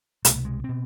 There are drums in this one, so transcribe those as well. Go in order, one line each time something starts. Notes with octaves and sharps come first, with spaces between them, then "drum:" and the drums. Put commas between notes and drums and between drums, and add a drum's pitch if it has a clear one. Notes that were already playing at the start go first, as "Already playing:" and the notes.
C2 B2 A3, drum: hi-hat
G#3
B2 C4